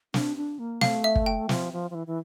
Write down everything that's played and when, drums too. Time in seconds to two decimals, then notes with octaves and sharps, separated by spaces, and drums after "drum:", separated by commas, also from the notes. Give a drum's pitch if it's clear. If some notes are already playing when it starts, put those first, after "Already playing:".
0.14 D4, drum: snare
0.37 D4
0.59 A#3
0.81 A3 F5, drum: snare
1.04 E5
1.16 drum: kick
1.26 G5
1.49 F3, drum: snare
1.73 F3
1.90 F3
1.95 E3
2.07 E3